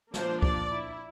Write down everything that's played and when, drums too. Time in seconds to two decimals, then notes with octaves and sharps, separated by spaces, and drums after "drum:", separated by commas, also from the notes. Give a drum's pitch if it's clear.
0.14 F3 A#3 D4 C5, drum: snare
0.42 D5, drum: kick
0.70 E4